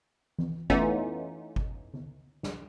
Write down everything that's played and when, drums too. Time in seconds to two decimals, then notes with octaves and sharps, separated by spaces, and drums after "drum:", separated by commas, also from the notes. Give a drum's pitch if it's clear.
0.38 drum: tom E3
0.70 E3 A3 B3 C#4 D#4 F4, drum: kick G1
1.56 drum: kick G1
1.94 drum: tom
2.43 drum: snare